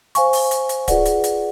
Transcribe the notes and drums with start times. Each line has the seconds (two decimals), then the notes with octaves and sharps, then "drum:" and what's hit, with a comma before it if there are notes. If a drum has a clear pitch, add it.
0.15 C5 F5 G#5 C#6, drum: hi-hat
0.33 drum: open hi-hat
0.51 drum: hi-hat
0.69 drum: hi-hat
0.88 F4 G#4 B4 D5 F#5, drum: kick D1, hi-hat
1.06 drum: hi-hat
1.24 drum: hi-hat